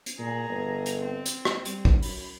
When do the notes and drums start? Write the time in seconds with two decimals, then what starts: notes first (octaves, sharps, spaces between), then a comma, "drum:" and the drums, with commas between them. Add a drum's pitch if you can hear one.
0.06 drum: hi-hat
0.19 A#2 G#4 A#5
0.50 G1
0.86 drum: hi-hat
0.98 C4
1.26 drum: hi-hat
1.45 drum: rim click
1.65 G3, drum: hi-hat
1.85 drum: kick
2.02 F#2 B5, drum: open hi-hat